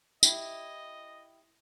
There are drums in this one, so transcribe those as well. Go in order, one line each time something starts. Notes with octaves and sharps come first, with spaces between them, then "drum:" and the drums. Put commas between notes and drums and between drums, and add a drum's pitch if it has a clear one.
E4 G4 D#5, drum: tambourine